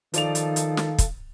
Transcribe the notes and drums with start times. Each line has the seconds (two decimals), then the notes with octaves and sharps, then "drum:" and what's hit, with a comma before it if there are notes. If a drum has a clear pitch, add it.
0.14 D#3 F3 D#4 A4 D5 F5 F7, drum: hi-hat
0.35 drum: hi-hat
0.56 drum: hi-hat
0.77 drum: snare
0.98 drum: kick, hi-hat